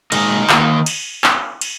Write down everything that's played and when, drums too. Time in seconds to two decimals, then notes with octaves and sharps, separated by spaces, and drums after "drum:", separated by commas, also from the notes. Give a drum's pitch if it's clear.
0.12 A#2 G#3 D#4 A#4 D#5, drum: cymbal
0.49 D#3 A#3 D#4, drum: clap
0.86 drum: cymbal
1.24 drum: clap
1.61 drum: cymbal